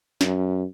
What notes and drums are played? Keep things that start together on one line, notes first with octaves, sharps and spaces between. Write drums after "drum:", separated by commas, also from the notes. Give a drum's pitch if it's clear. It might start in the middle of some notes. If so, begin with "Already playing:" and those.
F#2, drum: snare